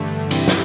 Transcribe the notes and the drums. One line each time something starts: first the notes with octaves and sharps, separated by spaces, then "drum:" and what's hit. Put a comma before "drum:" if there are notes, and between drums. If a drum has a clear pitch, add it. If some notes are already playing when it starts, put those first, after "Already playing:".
Already playing: G2 D3 E3 A3
C3 E3 E4 G4, drum: cymbal
drum: snare